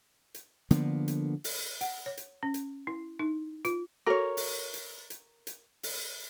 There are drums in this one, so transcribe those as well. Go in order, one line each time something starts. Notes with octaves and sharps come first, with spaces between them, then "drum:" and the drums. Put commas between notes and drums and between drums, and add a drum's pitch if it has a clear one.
drum: hi-hat
D3 F3 A#3 B3, drum: hi-hat
drum: hi-hat
drum: open hi-hat
F#5, drum: hi-hat
C#5
drum: hi-hat
C#4
drum: hi-hat
E4
D#4
F4, drum: hi-hat
F#4 A4 A#4 C#5
drum: open hi-hat
drum: hi-hat
drum: hi-hat
drum: hi-hat
drum: open hi-hat